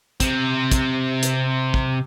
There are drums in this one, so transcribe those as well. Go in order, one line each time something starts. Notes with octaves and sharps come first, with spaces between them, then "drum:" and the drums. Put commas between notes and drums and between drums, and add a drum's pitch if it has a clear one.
C3 C4, drum: kick, hi-hat
drum: kick, hi-hat
drum: hi-hat
drum: kick